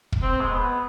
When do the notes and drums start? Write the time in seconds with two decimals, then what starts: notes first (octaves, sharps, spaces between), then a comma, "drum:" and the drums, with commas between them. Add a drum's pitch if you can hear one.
0.12 drum: kick
0.22 C4
0.40 G#3
0.51 B3